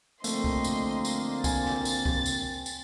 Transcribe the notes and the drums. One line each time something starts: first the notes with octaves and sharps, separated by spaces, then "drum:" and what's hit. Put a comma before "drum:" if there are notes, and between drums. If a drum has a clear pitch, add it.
D3 F3 A3 A#3 C4 D#5 C6, drum: tambourine
drum: kick C2
drum: tambourine
drum: tambourine
G#5 A6, drum: kick C2, tambourine
drum: snare
drum: tambourine
drum: kick C2
drum: tambourine
drum: tambourine